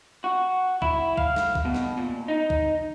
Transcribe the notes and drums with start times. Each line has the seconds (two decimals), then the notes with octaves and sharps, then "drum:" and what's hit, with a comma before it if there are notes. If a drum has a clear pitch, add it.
0.24 F#4
0.82 E4, drum: kick
1.18 F5, drum: kick
1.36 drum: snare
1.55 drum: kick
1.65 B2
1.74 drum: snare
1.97 A#2
2.28 D#4
2.50 drum: kick